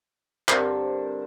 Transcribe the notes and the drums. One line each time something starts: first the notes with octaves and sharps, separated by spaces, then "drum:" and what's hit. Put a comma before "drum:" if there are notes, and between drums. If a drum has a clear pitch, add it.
G2 D3 C4 A#4 C5, drum: clap